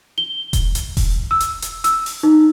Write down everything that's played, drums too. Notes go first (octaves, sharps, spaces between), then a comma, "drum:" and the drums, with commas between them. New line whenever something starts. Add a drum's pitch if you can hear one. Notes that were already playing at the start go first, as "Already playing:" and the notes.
G7
drum: kick E1, hi-hat
drum: hi-hat
drum: kick E1, open hi-hat
E6
drum: hi-hat
drum: hi-hat
E6, drum: hi-hat
drum: open hi-hat
D#4